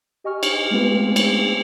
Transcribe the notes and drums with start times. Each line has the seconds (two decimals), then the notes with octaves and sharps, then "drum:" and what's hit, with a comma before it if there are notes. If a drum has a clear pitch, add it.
0.24 G4 D#5 G#5 C#6 F6
0.43 drum: cymbal
0.71 G#3 A3 B3 C4 F4 B4
1.16 drum: cymbal